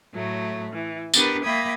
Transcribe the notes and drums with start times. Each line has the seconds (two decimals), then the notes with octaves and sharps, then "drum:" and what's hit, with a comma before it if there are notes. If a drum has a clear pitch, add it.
0.14 A2 F#3 A3
0.73 E3
1.14 B3 D4 G4 A#4 B4, drum: tambourine
1.43 A#3 E5 G5 B5 D#6 G#6